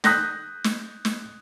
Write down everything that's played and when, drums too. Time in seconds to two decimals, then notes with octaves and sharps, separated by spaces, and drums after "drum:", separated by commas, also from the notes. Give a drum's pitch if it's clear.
0.04 D#6 F#6 G6 A#6 B6, drum: snare
0.64 drum: snare
1.05 drum: snare